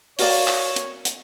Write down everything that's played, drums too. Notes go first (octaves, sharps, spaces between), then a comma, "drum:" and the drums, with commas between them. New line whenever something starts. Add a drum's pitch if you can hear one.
F#4 A#4 C#5 D5 F5, drum: open hi-hat
drum: clap
drum: hi-hat
drum: hi-hat